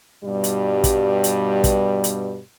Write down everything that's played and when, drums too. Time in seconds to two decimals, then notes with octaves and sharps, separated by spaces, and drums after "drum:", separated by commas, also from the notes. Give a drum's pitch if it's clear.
0.24 G2 B2 G3 G4
0.44 drum: hi-hat
0.84 drum: kick, hi-hat
1.24 drum: hi-hat
1.64 drum: kick, hi-hat
2.04 drum: hi-hat